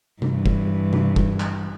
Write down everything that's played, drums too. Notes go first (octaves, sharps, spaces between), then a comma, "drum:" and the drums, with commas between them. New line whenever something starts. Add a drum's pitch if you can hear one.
G2 E3, drum: tom C3
drum: kick F1
drum: tom C3
drum: kick F1
drum: clap